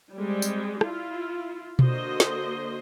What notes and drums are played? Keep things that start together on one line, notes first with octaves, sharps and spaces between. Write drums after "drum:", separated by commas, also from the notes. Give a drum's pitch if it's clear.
G3 G#3 C4
drum: tambourine
E4 F4, drum: rim click
D3 A#3 F#4 C5 D#5 C6, drum: tom B2
drum: snare